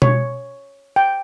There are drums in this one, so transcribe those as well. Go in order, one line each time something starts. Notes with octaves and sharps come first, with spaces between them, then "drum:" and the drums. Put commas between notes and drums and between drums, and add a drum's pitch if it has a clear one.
C#5, drum: tom B2
G5